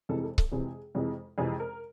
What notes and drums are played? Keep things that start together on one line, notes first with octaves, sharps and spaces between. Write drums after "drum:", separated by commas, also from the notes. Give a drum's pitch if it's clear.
F2 C3 E3 G#3 A4
A4
A4, drum: kick C#1
F2 C3 E3 G#3 G#4
F2 C3 E3 G#3
F2 C3 E3 G#3 G#4
A#4